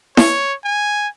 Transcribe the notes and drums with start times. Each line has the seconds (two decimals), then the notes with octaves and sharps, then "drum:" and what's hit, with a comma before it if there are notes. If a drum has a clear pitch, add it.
0.17 C#5, drum: snare E4
0.64 G#5